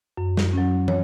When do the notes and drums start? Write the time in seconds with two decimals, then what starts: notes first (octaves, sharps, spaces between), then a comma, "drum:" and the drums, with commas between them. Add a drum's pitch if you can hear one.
0.17 F#2
0.37 drum: snare
0.53 F#3 C#4
0.88 C#5, drum: tom